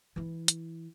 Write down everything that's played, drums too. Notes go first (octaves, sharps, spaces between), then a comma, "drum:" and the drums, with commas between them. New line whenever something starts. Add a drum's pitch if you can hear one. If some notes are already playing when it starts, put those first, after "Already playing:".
E3 E4
drum: hi-hat